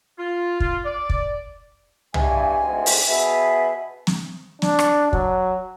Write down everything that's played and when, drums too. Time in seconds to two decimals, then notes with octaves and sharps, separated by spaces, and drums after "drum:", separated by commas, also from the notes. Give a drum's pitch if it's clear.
0.18 F4
0.60 F4, drum: kick
0.85 D5
1.10 drum: kick
2.14 G2 B2 E3 G#5, drum: tom
2.61 D2 G#2 C4
2.86 drum: open hi-hat
3.08 B2 G#4 B4 E5
4.07 drum: snare
4.62 D4, drum: snare
4.79 drum: rim click
5.13 F#3, drum: kick